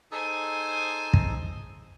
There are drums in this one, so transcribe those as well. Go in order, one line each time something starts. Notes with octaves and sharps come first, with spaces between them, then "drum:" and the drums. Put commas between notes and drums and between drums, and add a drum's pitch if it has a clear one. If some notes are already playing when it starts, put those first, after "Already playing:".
D#4 G#4 A4 C5 G#5
drum: kick